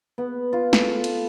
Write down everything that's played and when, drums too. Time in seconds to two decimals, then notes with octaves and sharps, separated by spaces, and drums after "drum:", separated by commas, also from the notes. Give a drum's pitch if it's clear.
0.18 B3
0.53 F4
0.73 A4, drum: snare
1.04 drum: cymbal